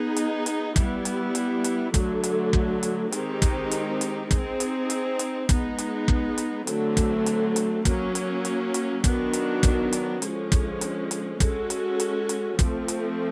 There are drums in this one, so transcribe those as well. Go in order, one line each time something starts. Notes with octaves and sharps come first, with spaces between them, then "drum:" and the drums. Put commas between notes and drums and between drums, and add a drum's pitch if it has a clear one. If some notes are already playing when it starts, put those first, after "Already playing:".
Already playing: B3 D#4 G#4
drum: hi-hat
drum: hi-hat
G3 B3 E4, drum: kick, hi-hat
drum: hi-hat
drum: hi-hat
drum: hi-hat
D3 F#3 A3, drum: kick, hi-hat
drum: hi-hat
drum: kick
drum: hi-hat
D#3 G#3 C4 D#4 G4, drum: hi-hat
drum: kick, hi-hat
drum: hi-hat
drum: hi-hat
C4 D#4 G#4, drum: kick, hi-hat
drum: hi-hat
drum: hi-hat
drum: hi-hat
G#3 B3 D#4, drum: kick, hi-hat
drum: hi-hat
drum: kick
drum: hi-hat
D3 F#3 A3 C4, drum: hi-hat
drum: kick, hi-hat
drum: hi-hat
drum: hi-hat
F#3 A#3 C#4, drum: kick, hi-hat
drum: hi-hat
drum: hi-hat
drum: hi-hat
D#3 F#3 B3 D4 F#4, drum: kick, hi-hat
drum: hi-hat
drum: kick, hi-hat
drum: hi-hat
D3 F3 G#3 C#4, drum: hi-hat
drum: kick, hi-hat
drum: hi-hat
drum: hi-hat
G#3 C#4 F#4 A4, drum: kick, hi-hat
drum: hi-hat
drum: hi-hat
drum: hi-hat
F3 A3 C4, drum: kick, hi-hat
drum: hi-hat